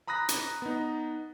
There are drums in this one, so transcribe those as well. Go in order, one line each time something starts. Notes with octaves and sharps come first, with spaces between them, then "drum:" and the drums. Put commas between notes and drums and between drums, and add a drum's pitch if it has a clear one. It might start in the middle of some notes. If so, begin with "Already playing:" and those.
A#5 B5 D#6 F#6 A#6
drum: hi-hat
B3 D#4